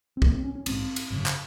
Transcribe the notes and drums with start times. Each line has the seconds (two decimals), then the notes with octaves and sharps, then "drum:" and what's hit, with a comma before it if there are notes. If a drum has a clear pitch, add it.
0.17 C4
0.22 A#1 A#2 A#3, drum: kick
0.34 C4
0.44 C#4
0.55 C#4
0.66 A#1 G#2 C4, drum: cymbal
0.96 drum: cymbal
1.10 G#1 F#2 C#3
1.26 drum: clap